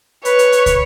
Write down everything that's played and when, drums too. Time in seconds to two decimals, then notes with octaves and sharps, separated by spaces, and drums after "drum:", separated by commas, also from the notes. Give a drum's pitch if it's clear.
0.25 B4 C#5, drum: hi-hat
0.39 drum: hi-hat
0.52 drum: hi-hat
0.66 drum: kick, hi-hat